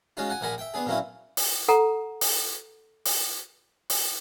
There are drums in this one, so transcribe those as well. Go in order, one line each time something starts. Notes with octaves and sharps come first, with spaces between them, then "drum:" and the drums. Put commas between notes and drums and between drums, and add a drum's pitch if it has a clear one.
G#3 C#4 D#4 F4 F#4
F#5 G#5
A#1 A#2 A#4 F#5 G#5 B5
E5 G5
B3 D4 G#4
A#2 F#3 A#3 C4 C#4 E4
drum: open hi-hat
A4 F#5 A#5
drum: open hi-hat
drum: open hi-hat
drum: open hi-hat